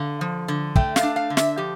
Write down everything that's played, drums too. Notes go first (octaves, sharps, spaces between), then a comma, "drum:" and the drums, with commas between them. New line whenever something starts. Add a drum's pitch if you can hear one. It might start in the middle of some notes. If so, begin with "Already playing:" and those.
Already playing: D3 F5
F3
D3
A3 G5, drum: kick
F5, drum: snare
D4
F5
D3
E5, drum: snare
F3 G4